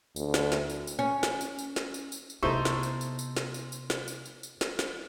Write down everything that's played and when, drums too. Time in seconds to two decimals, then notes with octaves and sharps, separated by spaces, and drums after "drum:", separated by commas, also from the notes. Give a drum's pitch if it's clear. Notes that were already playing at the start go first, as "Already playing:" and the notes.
0.16 D2, drum: tambourine
0.34 drum: snare
0.52 drum: snare
0.70 drum: tambourine
0.87 drum: tambourine
0.99 C#4
1.23 drum: snare
1.41 drum: tambourine
1.59 drum: tambourine
1.76 drum: snare
1.94 drum: tambourine
2.12 drum: tambourine
2.30 drum: tambourine
2.43 C3 A3 B3 D#4 E4 G4 C5
2.65 drum: snare
2.83 drum: tambourine
3.01 drum: tambourine
3.19 drum: tambourine
3.37 drum: snare
3.54 drum: tambourine
3.72 drum: tambourine
3.90 drum: snare
4.08 drum: tambourine
4.26 drum: tambourine
4.43 drum: tambourine
4.61 drum: snare
4.79 drum: snare